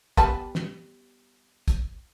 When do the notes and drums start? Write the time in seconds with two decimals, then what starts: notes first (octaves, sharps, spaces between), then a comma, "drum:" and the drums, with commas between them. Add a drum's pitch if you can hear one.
0.17 G3 B3 A5, drum: kick, hi-hat
0.55 drum: snare
1.68 drum: kick, hi-hat